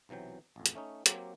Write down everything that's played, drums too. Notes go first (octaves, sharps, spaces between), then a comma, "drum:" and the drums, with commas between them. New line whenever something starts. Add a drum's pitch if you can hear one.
B1 C3 E3 F#3 G5
A1 F2
drum: hi-hat
A3 C#4 D#4
F#3 A#3 C4 G4, drum: hi-hat